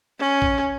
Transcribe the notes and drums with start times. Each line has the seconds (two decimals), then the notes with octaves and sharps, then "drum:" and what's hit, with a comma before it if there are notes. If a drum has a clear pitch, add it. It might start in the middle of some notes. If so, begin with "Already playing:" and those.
0.19 C#4
0.42 drum: kick